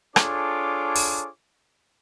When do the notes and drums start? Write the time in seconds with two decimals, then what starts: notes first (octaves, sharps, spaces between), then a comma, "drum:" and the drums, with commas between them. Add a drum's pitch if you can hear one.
0.16 D4 F4 G#4 A4 C#5 D6, drum: rim click
0.96 drum: open hi-hat